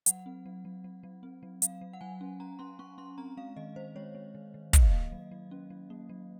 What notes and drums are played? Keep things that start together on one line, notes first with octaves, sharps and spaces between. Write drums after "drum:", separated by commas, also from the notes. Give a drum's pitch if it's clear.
F#3 F#5, drum: hi-hat
C4
F#3
F#3
F#3
F#3
C4
F#3
F#3 F5, drum: hi-hat
F#3
F#5
F#3 G#5
C#4
C#4 A#5
C#4 C6
C#4 C#6
C#4 C6
C4 A#5
G#3 F5
D#3 D#5
D#3 C5
G#3 C#5
G#3
D#3
D#3
A#3 D#5, drum: kick, hi-hat
F5
A#3 D#5
F#3
F#3
C#4
F#3
A#3
F#3